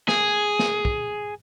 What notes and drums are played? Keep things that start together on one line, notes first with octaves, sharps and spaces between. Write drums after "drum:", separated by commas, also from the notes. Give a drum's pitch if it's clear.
G#4, drum: snare
drum: snare
drum: kick